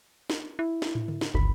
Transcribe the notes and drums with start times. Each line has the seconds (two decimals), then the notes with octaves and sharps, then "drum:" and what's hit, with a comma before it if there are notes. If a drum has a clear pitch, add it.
0.30 drum: snare
0.59 E4
0.82 drum: snare
0.95 drum: tom
1.08 drum: tom
1.21 drum: snare
1.34 G1 C#2 B5